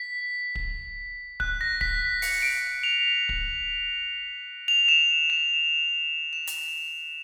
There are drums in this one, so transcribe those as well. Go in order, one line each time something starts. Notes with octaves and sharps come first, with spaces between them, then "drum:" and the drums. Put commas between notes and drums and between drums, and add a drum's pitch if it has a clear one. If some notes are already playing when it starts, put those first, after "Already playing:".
Already playing: B6
drum: kick
F#6, drum: kick
A#6
B6, drum: kick
C#7, drum: open hi-hat
D7
F7
drum: kick
F7
E7
E7
E7
drum: hi-hat